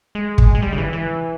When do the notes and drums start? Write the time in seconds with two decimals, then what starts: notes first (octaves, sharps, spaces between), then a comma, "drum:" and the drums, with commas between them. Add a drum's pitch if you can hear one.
0.15 G#3
0.38 drum: kick
0.55 G#3
0.62 G3
0.72 C#3
0.78 E3
0.93 E3